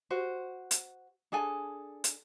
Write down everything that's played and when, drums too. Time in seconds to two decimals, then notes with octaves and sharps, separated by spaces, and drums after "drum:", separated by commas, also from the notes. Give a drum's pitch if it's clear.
0.10 F#4 C5
0.71 drum: hi-hat
1.32 D4 G#4 A4 G#5
2.04 drum: hi-hat